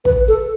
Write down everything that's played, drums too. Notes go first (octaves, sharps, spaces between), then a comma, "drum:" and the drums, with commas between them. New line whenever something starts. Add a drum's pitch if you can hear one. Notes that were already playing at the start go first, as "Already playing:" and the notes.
B4, drum: kick
A4